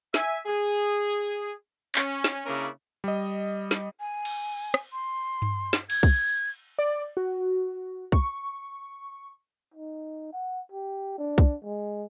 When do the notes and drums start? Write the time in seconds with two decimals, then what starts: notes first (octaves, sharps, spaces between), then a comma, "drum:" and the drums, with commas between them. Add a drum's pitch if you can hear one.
0.14 E5 G#5, drum: snare
0.46 G#4
1.95 C#4, drum: clap
2.24 drum: snare
2.46 C#3 A#3 C#4 D4 E4 A#4
3.04 G3 D#5
3.71 drum: snare
4.00 G#5
4.25 drum: cymbal
4.57 drum: open hi-hat
4.74 drum: rim click
4.93 C6
5.42 drum: tom G2
5.73 drum: snare
5.90 G#6, drum: cymbal
6.03 drum: kick
6.79 D5
7.17 F#4
8.12 C#6, drum: kick
9.74 D#4
10.32 F#5
10.72 G4
11.18 D4
11.38 drum: kick
11.64 G#3